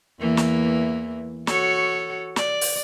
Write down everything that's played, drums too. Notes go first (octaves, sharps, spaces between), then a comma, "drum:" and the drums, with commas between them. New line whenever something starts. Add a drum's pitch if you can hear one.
E2 E3 A#3
drum: snare
F#4 A4 C#5, drum: snare
D5, drum: snare
drum: open hi-hat